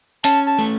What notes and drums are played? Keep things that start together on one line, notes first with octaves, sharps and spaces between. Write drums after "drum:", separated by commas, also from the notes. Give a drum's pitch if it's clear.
C#4 A5, drum: hi-hat
A5
A3